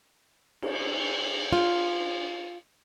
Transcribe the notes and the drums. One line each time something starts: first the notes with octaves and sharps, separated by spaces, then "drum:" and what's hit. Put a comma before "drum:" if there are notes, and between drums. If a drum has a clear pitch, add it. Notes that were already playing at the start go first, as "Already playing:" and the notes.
drum: cymbal
F4